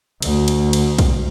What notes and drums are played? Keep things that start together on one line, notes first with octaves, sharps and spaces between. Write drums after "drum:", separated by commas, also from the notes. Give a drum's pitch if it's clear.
D2, drum: cymbal
drum: cymbal
drum: cymbal
drum: kick B1, cymbal